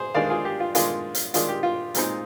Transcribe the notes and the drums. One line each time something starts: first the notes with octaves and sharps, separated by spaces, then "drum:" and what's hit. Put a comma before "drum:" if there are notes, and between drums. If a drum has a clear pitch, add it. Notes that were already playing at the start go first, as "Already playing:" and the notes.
Already playing: G#4 C5
D#3 G#3 D4 D5 F5
F4 G#4
G4
F4
D#3 G#3 D4 F4, drum: hi-hat
drum: hi-hat
D#3 G#3 D4 F4, drum: hi-hat
G4
F4
A#2 G#3 C4 D#4, drum: hi-hat